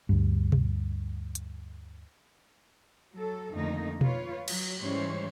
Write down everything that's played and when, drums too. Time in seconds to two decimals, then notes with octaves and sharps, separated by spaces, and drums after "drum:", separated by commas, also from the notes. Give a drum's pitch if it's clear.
0.09 D2 G2
0.52 drum: tom B2
1.35 drum: hi-hat
3.13 F#3 A4
3.52 F2 D3 D#3 A3 A#3 D#4
4.01 F4 B4 C#5, drum: tom B2
4.48 F#3, drum: cymbal
4.80 G#2 E3 G3 C#4 C5 C#5